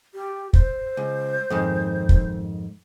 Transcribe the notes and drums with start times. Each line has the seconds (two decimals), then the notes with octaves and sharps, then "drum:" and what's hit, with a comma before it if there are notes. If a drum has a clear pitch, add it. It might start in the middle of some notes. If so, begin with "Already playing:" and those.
0.14 G4
0.53 C5, drum: kick
0.97 C#2
1.50 F2 G#2 D#3
2.09 drum: kick